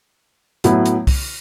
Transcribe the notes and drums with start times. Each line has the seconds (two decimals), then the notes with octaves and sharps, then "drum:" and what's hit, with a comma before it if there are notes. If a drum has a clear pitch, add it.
0.64 A2 F#3 B3 E4, drum: hi-hat
0.86 drum: hi-hat
1.07 drum: kick C2, open hi-hat